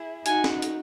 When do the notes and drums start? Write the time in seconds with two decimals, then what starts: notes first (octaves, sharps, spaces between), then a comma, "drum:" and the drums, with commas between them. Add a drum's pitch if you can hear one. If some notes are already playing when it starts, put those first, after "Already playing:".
Already playing: E4 G#4
0.26 D#4 F#4 G#5, drum: hi-hat
0.44 drum: snare
0.62 drum: hi-hat